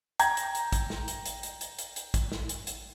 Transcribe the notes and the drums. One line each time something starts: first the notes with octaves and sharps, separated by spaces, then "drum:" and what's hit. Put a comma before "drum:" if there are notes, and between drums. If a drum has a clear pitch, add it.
G5 A#5 G#6, drum: hi-hat
drum: hi-hat
drum: hi-hat
drum: kick, hi-hat
drum: snare
drum: hi-hat
drum: hi-hat
drum: hi-hat
drum: hi-hat
drum: hi-hat
drum: hi-hat
drum: kick, hi-hat
drum: snare
drum: hi-hat
drum: hi-hat